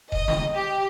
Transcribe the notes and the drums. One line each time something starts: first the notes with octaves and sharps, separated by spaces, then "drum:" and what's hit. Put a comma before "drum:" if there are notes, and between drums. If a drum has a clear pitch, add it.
D#5, drum: kick D#1
drum: snare
G4